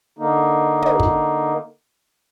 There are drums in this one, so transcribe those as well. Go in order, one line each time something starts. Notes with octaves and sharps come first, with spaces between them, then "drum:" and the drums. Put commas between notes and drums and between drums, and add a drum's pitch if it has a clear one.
D3 A#3 D#4
drum: tom
drum: kick